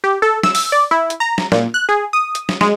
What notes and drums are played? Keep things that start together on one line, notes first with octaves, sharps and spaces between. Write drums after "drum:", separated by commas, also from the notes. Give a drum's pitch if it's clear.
G4
A4
E6, drum: snare
drum: open hi-hat
D5
E4
drum: hi-hat
A#5
drum: snare
A#2, drum: snare
F#6
G#4
D#6
drum: hi-hat
drum: snare
G#3, drum: snare